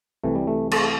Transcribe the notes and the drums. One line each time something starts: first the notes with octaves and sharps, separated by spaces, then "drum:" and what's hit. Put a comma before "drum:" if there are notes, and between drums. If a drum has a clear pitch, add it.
C2 C3 E3 A3
G3
A3
A3, drum: cymbal